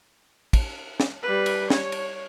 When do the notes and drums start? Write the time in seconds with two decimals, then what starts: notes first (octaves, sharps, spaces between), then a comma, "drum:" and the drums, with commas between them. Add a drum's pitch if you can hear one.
0.53 drum: kick, cymbal
1.00 drum: snare
1.23 G3 B4
1.46 drum: cymbal
1.70 C#5, drum: snare
1.92 drum: cymbal